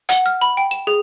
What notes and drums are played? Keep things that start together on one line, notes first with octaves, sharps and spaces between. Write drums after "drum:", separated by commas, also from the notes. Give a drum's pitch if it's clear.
F#5, drum: hi-hat
F6
B5
G5
E7
G#4